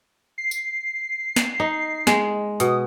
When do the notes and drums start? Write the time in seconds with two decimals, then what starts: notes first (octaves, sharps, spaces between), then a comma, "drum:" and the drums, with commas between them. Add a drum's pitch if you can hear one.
0.38 C7
0.51 drum: tambourine
1.36 drum: snare
1.60 D#4
2.07 G#3, drum: snare
2.60 B2 D#6, drum: hi-hat